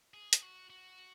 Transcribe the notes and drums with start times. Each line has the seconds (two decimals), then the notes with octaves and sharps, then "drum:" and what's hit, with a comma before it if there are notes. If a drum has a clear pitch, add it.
0.14 G#4
0.33 drum: hi-hat
0.42 F#4
0.70 F#4